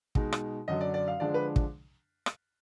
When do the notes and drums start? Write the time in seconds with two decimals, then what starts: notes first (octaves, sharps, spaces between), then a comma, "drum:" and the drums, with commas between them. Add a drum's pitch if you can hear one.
0.15 B2 G#3 D#4, drum: kick
0.33 drum: rim click
0.68 F#2 D3 F#3 D#5
0.81 D5
0.94 D5
1.08 F5
1.20 D3 F3 G#3 D4 D5
1.34 B4
1.56 drum: kick
2.26 drum: rim click